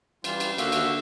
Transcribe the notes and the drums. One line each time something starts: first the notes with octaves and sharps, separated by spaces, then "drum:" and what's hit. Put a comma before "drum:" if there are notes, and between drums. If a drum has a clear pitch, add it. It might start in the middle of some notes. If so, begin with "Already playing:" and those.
E3 G3 F4, drum: cymbal
drum: cymbal
D#2 D3 A#3 F#4 E5, drum: cymbal
drum: cymbal